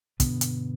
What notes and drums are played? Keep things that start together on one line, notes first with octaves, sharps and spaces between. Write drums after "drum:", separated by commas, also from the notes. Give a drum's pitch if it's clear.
G2 B2 D3 B3, drum: kick, hi-hat
drum: hi-hat